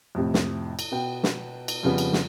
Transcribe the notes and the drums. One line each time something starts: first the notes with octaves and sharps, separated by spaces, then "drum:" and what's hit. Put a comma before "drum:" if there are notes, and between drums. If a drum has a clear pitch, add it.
F2 A2 C3
drum: snare
drum: cymbal
B2 B3 G5
drum: snare
drum: cymbal
F2 C#3 F3 G3 B3
drum: cymbal
drum: snare